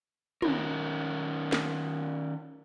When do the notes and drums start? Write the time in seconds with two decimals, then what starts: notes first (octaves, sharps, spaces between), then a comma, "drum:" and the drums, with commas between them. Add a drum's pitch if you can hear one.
0.42 D#3 C#4 A#4, drum: tom
1.52 drum: snare